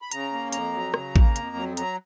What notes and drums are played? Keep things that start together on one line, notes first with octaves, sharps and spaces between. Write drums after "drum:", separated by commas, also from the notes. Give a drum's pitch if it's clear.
B5
C#3 A#5, drum: hi-hat
A#3
F2 A#5, drum: hi-hat
F#3
C#3, drum: rim click
A#3, drum: kick
F2, drum: hi-hat
F#3
F#3 A#5, drum: hi-hat